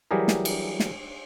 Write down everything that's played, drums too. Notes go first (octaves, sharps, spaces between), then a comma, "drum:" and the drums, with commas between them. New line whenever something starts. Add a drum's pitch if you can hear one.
E3 F#3 G3 G4 G#4 A#4
drum: snare
drum: cymbal
drum: snare